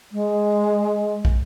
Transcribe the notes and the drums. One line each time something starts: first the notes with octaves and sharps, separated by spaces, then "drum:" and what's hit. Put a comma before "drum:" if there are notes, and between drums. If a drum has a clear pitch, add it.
G#3
drum: kick